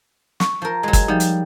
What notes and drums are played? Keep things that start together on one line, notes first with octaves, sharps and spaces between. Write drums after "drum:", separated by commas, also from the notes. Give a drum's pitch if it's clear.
C#6, drum: snare
F3 A#4
F#3 G#3
drum: kick, hi-hat
F3 G3 D#4
drum: hi-hat